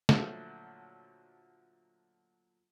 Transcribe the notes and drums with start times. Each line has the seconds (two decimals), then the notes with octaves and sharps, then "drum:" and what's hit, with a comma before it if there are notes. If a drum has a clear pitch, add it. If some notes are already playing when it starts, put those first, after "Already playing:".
0.09 A#2 D3 F3 F#3 A3, drum: snare